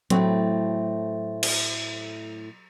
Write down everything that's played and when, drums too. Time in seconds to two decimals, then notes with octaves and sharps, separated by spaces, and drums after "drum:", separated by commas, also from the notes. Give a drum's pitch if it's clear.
0.10 A2 F#3 A3 C4, drum: hi-hat
1.43 drum: cymbal